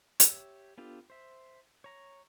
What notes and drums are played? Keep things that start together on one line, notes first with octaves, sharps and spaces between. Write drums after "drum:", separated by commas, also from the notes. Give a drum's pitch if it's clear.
G4 C#5 E5, drum: hi-hat
B3 D4 F4 G4 A4
C5 E5
C#5 A#5